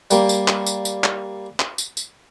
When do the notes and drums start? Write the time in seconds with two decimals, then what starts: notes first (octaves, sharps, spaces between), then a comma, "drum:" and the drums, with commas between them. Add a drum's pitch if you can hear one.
0.11 G3 A#3, drum: tambourine
0.29 drum: tambourine
0.48 drum: clap
0.66 drum: tambourine
0.85 drum: tambourine
1.04 drum: clap
1.60 drum: clap
1.78 drum: tambourine
1.97 drum: tambourine